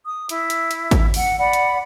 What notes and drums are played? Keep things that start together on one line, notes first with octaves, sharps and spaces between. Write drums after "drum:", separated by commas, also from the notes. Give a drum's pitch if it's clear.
D#6
E4, drum: hi-hat
drum: hi-hat
drum: hi-hat
drum: kick G#1, hi-hat
F#5, drum: open hi-hat
D5 F#5 B5
drum: hi-hat